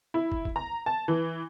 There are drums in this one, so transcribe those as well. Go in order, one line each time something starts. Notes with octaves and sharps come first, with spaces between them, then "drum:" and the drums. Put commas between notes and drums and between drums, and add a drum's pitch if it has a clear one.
E4
drum: kick
drum: kick
A#5
A5
E3